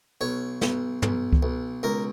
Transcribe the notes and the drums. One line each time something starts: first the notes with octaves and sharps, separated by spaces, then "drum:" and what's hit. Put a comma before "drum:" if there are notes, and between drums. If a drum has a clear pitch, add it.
B1 C#5
B1, drum: snare
B1, drum: tom
drum: kick C#2
B1
C#2 A#4